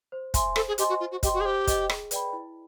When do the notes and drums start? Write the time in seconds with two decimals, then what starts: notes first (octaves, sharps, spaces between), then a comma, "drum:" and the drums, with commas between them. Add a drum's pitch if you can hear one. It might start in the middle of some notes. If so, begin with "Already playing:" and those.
0.12 C5
0.34 E5 G#5 C6, drum: kick, hi-hat
0.56 A4 C5, drum: rim click
0.68 G#4
0.78 G4 D#5 G#5 C6, drum: hi-hat
0.89 F#4
1.00 F4 C5
1.11 F#4
1.23 G4 D#5 G5 C6, drum: kick, hi-hat
1.34 F#4
1.40 G#4
1.45 G4 C5
1.67 D#5 G5, drum: kick, hi-hat
1.90 G#4, drum: rim click
2.11 B4 D5 G5 B5, drum: hi-hat
2.33 E4